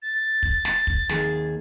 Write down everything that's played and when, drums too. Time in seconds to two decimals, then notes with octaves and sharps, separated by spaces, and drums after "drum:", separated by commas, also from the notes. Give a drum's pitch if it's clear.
0.02 A6
0.43 drum: kick
0.65 drum: snare
0.87 drum: kick
1.09 D#2 G#4, drum: snare